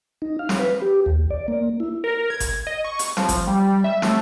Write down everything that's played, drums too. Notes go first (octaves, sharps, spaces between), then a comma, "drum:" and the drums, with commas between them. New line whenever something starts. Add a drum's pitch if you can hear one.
D#4
F5
drum: snare
B4
G4
D#2
D5
A#3
E4
A#4
G#6
drum: kick G1, hi-hat
D#5
C#6
drum: hi-hat
F3, drum: snare
drum: kick G1, hi-hat
G3
E5
A3, drum: snare